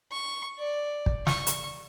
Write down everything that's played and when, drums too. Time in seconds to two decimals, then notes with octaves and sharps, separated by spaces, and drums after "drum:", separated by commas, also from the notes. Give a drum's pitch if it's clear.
0.12 C#6
0.59 D5
1.06 drum: kick
1.27 C#6, drum: snare
1.47 drum: hi-hat